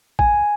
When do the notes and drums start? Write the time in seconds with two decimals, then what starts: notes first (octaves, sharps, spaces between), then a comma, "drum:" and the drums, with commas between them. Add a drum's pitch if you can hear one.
0.19 G#5, drum: kick